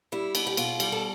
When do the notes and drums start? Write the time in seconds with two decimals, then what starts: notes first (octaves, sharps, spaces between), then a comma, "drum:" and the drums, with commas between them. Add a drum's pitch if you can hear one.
0.12 G3 E4
0.35 B2, drum: cymbal
0.47 G4
0.57 B2 F4, drum: cymbal
0.80 G3, drum: cymbal
0.92 A4